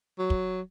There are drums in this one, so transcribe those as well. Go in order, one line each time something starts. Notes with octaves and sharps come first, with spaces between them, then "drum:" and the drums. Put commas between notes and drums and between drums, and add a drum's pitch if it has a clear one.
F#3
drum: kick